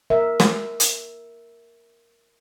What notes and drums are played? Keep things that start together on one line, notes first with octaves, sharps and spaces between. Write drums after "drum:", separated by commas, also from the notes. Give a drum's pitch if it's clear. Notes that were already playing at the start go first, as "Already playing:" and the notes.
A#4 E5
drum: snare
drum: hi-hat